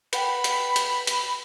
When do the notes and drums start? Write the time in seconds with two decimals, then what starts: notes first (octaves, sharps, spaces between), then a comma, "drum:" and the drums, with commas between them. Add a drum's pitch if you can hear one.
0.13 B4 F#5 G5 B5, drum: hi-hat
0.44 drum: hi-hat
0.76 drum: hi-hat
1.07 drum: hi-hat